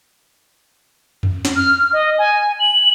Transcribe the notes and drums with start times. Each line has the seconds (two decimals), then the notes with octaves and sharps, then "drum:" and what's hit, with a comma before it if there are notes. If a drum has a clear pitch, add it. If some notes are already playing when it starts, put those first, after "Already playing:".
1.23 drum: tom F2
1.45 drum: snare
1.56 F6
1.80 F6
1.93 D#5
2.19 G#5
2.60 F#7